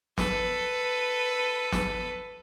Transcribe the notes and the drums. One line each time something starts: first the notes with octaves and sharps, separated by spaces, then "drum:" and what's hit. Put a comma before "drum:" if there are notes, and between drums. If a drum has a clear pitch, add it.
A4 B4, drum: snare
drum: snare